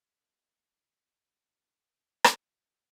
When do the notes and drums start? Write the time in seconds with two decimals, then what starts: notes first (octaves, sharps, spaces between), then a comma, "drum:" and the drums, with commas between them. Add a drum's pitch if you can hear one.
0.20 A#3 B3 D#4 F#4 G4 A4
2.24 drum: rim click